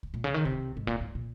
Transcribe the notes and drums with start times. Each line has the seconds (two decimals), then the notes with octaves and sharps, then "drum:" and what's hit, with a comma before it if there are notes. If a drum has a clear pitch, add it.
0.03 drum: kick C2
0.14 A#2
0.24 C#3
0.34 D#3
0.45 C3, drum: kick C2
0.77 G#2
0.87 A#2, drum: kick C2
1.01 G#2
1.15 A#2